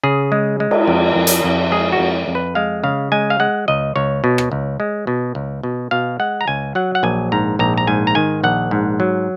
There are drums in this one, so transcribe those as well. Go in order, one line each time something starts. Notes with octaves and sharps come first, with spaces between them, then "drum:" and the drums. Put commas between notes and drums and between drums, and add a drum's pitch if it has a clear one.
C#3 G#4
G#3
G#3
drum: cymbal
F2
F2
drum: hi-hat
F2
G#3 G#4
F#4
F2
F2
B4
G#3 F5
C#3 F5
G#3 G#5
F5
G#3 F#5
C#2 D#5
C#2 C#5
B2
drum: rim click
C#2
G#3
B2
C#2
B2
B2 F5
G#3 F#5
A#5
C#2 G#5
F#3 F#5
F#5
A#1 G#5
G#2 A#5
A#1 A#5
A#5
G#2 G#5
A#5
D#3 G#5
A#1 F#5
G#2
F#3